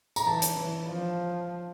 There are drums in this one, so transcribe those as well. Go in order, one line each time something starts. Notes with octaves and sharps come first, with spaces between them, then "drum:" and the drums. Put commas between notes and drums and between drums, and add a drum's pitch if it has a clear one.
A#5, drum: tambourine
E3 A5
drum: hi-hat
E3
F3